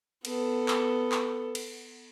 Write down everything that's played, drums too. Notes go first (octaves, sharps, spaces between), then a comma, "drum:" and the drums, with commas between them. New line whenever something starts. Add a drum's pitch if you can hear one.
B3 A4, drum: cymbal
drum: clap
drum: clap
drum: cymbal